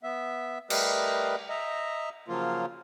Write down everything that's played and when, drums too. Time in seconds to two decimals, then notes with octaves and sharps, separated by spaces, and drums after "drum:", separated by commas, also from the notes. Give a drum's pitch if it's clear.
0.03 B3 E5
0.70 G3 A3 G4 A#4 B4 D#5, drum: cymbal
1.49 D#5 E5 A#5
2.28 C#3 F3 F#3 A#3 F4